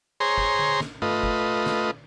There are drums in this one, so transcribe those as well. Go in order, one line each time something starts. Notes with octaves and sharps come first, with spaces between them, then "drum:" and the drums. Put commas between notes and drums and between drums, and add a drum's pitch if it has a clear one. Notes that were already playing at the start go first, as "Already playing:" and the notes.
G#4 C5 C#5 A#5 C6
drum: kick F#1
drum: tom D3
drum: snare
A3 F4 B4 D#5, drum: tom G2
drum: kick F#1
drum: snare